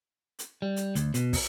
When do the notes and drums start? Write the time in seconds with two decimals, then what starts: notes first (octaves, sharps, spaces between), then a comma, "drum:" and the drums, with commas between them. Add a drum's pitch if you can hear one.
0.39 drum: hi-hat
0.62 G3
0.76 drum: hi-hat
0.95 D2, drum: hi-hat
1.14 B2, drum: hi-hat
1.33 drum: kick, open hi-hat